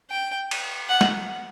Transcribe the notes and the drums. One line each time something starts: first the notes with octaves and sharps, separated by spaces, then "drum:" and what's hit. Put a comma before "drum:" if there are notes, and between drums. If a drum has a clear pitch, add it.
G5
drum: cymbal
F#5
drum: snare